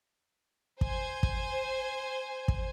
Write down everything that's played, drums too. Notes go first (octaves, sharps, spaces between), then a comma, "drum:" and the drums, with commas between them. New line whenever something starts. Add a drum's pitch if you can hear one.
C5 G#5, drum: kick
drum: kick
drum: kick